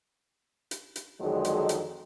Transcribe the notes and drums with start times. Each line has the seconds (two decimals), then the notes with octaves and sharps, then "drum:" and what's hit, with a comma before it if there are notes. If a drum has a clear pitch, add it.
0.71 drum: hi-hat
0.96 drum: hi-hat
1.20 F2 D3 D#3 F#3 G#3
1.45 drum: hi-hat
1.69 drum: hi-hat